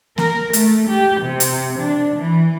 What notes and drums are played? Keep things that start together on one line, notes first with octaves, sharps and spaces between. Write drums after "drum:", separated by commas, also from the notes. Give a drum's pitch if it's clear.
A#4, drum: snare A#3
A3, drum: hi-hat
G4
C3
drum: hi-hat
D4
E3